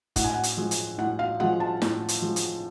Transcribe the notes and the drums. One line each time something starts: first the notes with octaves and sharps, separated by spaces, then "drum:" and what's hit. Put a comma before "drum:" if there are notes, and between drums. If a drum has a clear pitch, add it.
A2 F#5, drum: kick, hi-hat
G#5
F#5
drum: hi-hat
F3 G#3
drum: hi-hat
A2 F#5
F5
F3 G#3 F#5
A5
A2, drum: snare
drum: hi-hat
F3 G#3
drum: hi-hat